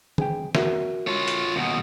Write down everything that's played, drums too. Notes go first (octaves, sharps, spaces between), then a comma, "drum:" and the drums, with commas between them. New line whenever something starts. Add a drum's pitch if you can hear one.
G#4 G5, drum: tom
F#4 A#4 E5, drum: snare
F4 C#5
drum: hi-hat
D#2 B2